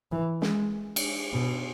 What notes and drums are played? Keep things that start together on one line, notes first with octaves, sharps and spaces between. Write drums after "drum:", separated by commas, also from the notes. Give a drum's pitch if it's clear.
E3
G#3, drum: snare
drum: cymbal
B2